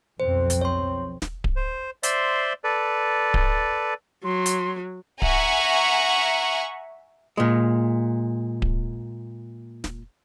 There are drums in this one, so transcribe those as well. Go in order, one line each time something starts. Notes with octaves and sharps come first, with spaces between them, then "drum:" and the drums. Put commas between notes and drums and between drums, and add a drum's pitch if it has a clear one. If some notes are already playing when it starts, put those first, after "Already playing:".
B1 F2 C4 C5
drum: hi-hat
C#5 C6
drum: snare
drum: kick D1
C5
C5 D5 E5 C6, drum: hi-hat
A4 B4 D5
drum: kick D1
F#3 C6
drum: hi-hat
E5 F#5 G#5 A#5 C#6, drum: kick D1
A#2 G#3
drum: kick D1
drum: snare